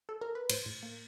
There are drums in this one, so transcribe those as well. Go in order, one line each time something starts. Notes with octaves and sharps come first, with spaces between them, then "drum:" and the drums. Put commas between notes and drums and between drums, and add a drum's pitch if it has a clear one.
A4
A#4
B4
A2 C5, drum: cymbal
A2
A#3